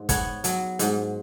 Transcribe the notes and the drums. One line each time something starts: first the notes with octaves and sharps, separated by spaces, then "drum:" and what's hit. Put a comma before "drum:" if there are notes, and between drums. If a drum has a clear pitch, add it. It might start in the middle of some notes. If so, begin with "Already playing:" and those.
Already playing: G#2
B3 C#5, drum: kick, hi-hat
F#3, drum: hi-hat
G#2, drum: hi-hat